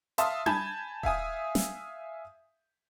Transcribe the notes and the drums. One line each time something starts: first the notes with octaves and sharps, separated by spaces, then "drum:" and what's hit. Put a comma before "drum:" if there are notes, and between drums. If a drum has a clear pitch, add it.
E5 F5 A5 C6 D#6, drum: hi-hat
G#5 A5 B5 G6 G#6, drum: tom D4
E5 F5 G#5 D#6, drum: kick D#1
drum: snare